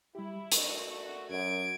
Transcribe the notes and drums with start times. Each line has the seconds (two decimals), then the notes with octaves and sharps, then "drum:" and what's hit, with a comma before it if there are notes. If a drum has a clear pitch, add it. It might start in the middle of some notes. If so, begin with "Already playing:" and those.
0.15 G3 E4 G4
0.52 A3 D4 F#4 A#4, drum: hi-hat
1.30 F#2 G#6 D7